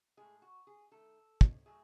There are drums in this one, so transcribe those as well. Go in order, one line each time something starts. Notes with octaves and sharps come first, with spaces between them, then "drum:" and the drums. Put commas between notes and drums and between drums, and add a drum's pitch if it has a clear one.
A2 G#3 G#4
F#4
G#4
D#3 A3 A4
drum: kick
A2 F#3 A3 G#4